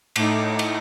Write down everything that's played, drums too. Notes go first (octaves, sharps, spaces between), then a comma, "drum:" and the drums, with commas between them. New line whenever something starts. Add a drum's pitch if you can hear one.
A2 A3 D#4 D6, drum: cymbal
drum: cymbal